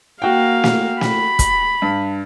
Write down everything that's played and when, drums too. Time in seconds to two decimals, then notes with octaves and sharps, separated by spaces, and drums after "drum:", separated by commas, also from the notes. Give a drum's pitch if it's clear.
0.22 A#3 F#4 F5 G5
0.64 drum: snare
1.01 B5, drum: snare
1.39 drum: kick, hi-hat
1.82 G2